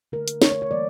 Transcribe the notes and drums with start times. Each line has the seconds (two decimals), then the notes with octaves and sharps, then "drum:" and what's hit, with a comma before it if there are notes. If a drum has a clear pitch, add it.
0.12 D3 A3 A#4
0.28 drum: hi-hat
0.42 D3 A3 C#5, drum: snare
0.52 C#5
0.62 C#5
0.71 E3 G3 A#3 D5